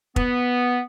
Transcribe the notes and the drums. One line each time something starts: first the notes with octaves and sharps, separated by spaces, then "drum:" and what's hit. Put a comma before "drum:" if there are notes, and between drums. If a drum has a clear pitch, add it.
B3, drum: kick